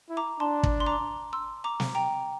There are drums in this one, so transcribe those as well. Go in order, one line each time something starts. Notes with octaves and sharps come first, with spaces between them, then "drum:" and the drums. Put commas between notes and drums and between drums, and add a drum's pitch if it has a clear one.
E4
A#5 D6
D4 A5 C6
drum: kick
C6
A#5 D6
C6 E6
A#5 D6
drum: snare
G5 A#5